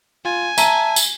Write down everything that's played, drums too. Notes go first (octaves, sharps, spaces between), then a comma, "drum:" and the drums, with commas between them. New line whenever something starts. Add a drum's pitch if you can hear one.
F4 G#5
E5 A5 A#5 D#7, drum: tambourine
drum: tambourine